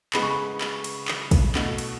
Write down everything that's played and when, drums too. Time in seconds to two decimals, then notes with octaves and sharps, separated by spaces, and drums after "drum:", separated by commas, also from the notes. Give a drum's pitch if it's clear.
0.13 C#3 G#3 B3 B5, drum: clap
0.22 C#6
0.30 B5
0.61 drum: clap
0.84 drum: cymbal
1.08 drum: clap
1.31 drum: kick, cymbal
1.55 B2 A3, drum: clap
1.78 drum: cymbal